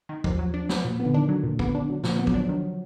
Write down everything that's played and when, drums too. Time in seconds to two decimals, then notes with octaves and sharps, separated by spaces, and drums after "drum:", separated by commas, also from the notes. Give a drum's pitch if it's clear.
0.09 D#3
0.24 D#2 F3, drum: kick
0.39 F#3
0.54 D4
0.69 F#3, drum: snare
0.85 A#2
1.00 B3
1.05 D3
1.14 D#3 D4
1.29 F#3
1.44 A#2
1.59 B3, drum: kick
1.75 D4
1.90 F#3
2.04 A#2 F3, drum: snare
2.19 B3
2.27 F#3, drum: kick
2.34 D4
2.49 D#3